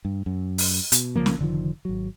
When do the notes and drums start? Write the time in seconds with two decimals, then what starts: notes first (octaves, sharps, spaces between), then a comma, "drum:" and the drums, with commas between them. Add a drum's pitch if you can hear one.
0.05 G2
0.26 F#2
0.58 drum: open hi-hat
0.92 B2, drum: hi-hat
1.16 C2 C#3 F3 A#3
1.26 drum: snare
1.39 F1 D3 D#3 F3
1.85 G#1 F#3